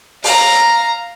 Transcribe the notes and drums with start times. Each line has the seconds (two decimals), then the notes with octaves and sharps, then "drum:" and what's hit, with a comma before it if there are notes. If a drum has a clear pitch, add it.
0.24 F5 A#5, drum: open hi-hat